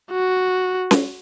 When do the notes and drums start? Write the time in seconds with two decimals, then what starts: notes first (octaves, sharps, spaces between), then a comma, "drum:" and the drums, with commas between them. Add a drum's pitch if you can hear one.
0.11 F#4
0.91 drum: snare C#4